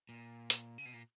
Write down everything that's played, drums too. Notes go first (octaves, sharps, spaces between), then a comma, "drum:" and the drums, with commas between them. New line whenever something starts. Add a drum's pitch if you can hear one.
A#2
drum: hi-hat
C#3
B2
A#2